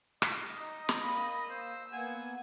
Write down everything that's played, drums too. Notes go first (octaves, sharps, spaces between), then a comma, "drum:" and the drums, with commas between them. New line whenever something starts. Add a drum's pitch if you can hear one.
D#5, drum: rim click
D#4
drum: snare
A#3 B5
C5 E6
A#3 B3 F#5 G#5